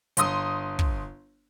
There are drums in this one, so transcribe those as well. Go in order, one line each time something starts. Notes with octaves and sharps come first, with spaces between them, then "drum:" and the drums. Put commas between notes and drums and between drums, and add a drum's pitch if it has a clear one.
G1 C6 D#6, drum: hi-hat
drum: kick